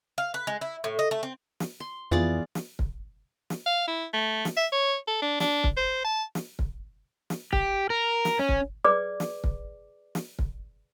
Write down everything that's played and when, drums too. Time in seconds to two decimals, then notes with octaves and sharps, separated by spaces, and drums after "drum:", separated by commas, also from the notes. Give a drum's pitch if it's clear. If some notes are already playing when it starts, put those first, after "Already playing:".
0.18 F5
0.34 B4
0.47 G#3
0.61 E4
0.84 A2
0.99 D#5
1.11 A3
1.23 C4
1.60 drum: snare
1.80 C6
2.11 F2 E3 B3 F4 G#4 D5
2.55 drum: snare
2.79 drum: kick
3.50 drum: snare
3.66 F5
3.87 E4
4.13 A3
4.45 drum: snare
4.57 E5
4.72 C#5
5.08 A4
5.22 D4
5.40 D4, drum: snare
5.64 drum: kick
5.77 C5
6.05 A5
6.35 drum: snare
6.59 drum: kick
7.30 drum: snare
7.53 G4, drum: kick
7.90 A#4
8.25 drum: snare
8.39 C#4
8.49 drum: kick
8.84 G#4 B4 D5 D6
9.20 drum: snare
9.44 drum: kick
10.15 drum: snare
10.39 drum: kick